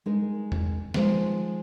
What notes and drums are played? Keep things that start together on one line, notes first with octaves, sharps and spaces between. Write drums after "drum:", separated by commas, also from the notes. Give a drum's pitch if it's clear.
G#3 D#4 A#4
drum: tom E2
F3 G#3 D#4 C5, drum: snare